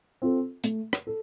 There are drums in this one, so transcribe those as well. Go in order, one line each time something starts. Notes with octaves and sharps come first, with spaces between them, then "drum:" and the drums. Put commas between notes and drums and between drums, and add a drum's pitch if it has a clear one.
C4 F4 A4
A3, drum: hi-hat
drum: rim click
A4